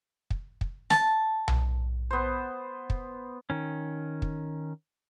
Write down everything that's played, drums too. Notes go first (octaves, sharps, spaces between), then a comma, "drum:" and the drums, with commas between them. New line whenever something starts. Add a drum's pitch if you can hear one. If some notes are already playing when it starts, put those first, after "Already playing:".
drum: kick
drum: kick
A5, drum: snare
drum: tom B1
B3 C5
drum: kick
D#3 C#4
drum: kick